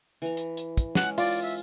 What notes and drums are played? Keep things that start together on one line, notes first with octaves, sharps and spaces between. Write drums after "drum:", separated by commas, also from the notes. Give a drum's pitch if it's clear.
E3 A#5
drum: hi-hat
drum: hi-hat
drum: kick, hi-hat
G#3 C#4 F#5, drum: snare
F4 D5, drum: open hi-hat
E5